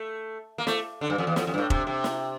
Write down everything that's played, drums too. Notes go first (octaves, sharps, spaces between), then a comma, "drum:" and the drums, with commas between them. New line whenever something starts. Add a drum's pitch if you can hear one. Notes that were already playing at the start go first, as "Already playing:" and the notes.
Already playing: A3
A#3
A3, drum: snare
D3
G2
F2
E2
F2, drum: snare
F2
G2
A2
C3, drum: kick
C3
drum: snare